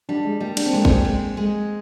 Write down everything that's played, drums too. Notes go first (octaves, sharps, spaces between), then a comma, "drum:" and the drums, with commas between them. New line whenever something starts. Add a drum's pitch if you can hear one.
G3 D4
G#3
G3 A#3
D4, drum: cymbal
C4
G#3 A#3
C4, drum: kick G#1
G#3
G#3